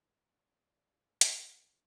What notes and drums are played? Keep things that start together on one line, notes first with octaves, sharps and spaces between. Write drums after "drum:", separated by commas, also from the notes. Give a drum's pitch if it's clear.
D5 F5
drum: hi-hat